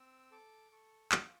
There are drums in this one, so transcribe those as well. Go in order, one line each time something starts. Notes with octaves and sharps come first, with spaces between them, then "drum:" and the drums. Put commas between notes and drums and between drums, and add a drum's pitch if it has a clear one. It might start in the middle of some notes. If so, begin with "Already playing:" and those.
Already playing: C4 E6
A4 D6
A4 C#6
F4, drum: clap